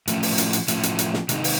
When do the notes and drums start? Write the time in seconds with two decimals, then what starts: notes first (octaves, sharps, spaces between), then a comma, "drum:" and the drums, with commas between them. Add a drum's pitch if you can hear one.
0.08 A2 F3 A3 C#4, drum: hi-hat
0.23 drum: open hi-hat
0.38 drum: hi-hat
0.53 drum: hi-hat
0.68 A2 F3 A3 C#4, drum: hi-hat
0.83 drum: hi-hat
0.99 drum: hi-hat
1.14 drum: snare
1.29 C3 D#3 G#3 C4 D#4, drum: hi-hat
1.44 drum: open hi-hat